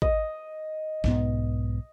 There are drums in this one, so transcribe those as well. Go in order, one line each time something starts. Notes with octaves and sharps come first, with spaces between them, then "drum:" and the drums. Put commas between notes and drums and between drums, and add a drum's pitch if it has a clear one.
D#5, drum: kick
B1 G#2 B3, drum: snare